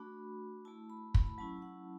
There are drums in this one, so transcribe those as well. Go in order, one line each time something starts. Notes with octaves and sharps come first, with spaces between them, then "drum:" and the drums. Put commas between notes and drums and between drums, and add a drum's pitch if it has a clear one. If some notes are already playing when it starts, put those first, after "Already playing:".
Already playing: A3 D4 F#4 B5
A3 E4 A5
B5
B5, drum: kick
B5
F#3 C#4 E4 A5
F#5